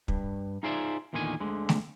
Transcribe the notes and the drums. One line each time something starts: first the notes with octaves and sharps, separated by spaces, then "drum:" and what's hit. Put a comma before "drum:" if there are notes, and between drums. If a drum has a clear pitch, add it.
G2, drum: kick
D#4 F4 G#4 C5 D5 E5
E2 A#2 D3 D#3 F4 G#5
D2 D3 G#3
drum: snare A3